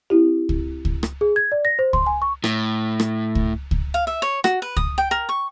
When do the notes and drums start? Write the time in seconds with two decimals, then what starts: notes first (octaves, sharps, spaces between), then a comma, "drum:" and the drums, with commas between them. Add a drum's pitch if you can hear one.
0.10 C4 E4 G4
0.49 drum: kick C#2
0.85 drum: kick C#2
1.03 drum: rim click
1.21 G#4
1.36 G#6
1.52 D5
1.65 A#6
1.79 C5
1.93 C6, drum: kick C#2
2.07 G#5
2.22 C#6
2.44 A2, drum: rim click
3.00 drum: rim click
3.35 drum: kick C#2
3.71 drum: kick C#2
3.94 F5
4.07 E5
4.22 C#5
4.44 F#4, drum: rim click
4.62 B4
4.77 D#6, drum: kick C#2
4.98 G5
5.11 A#4
5.29 C#6